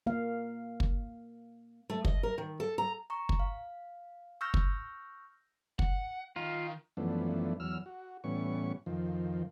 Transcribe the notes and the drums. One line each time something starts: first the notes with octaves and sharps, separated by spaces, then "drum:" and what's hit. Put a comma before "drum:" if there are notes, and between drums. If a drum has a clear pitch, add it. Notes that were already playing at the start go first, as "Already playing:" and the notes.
A#3 F5
drum: kick
A3
D#5, drum: kick
A#4
D#3
A4
A#5
A#5 C#6
drum: kick
F5
C#6 E6 F6 G6 A#6
drum: kick
F#5, drum: kick
D#3 F4
F#2 E3 F3 A3 B3 D4
E2 F#3 E6 F6
F#4
A2 E3 G3 B3 C#4 C#6
F2 D#3 F3